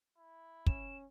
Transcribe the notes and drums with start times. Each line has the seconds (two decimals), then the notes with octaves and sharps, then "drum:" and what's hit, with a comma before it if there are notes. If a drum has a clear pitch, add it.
0.17 E4
0.66 C#4 E7, drum: kick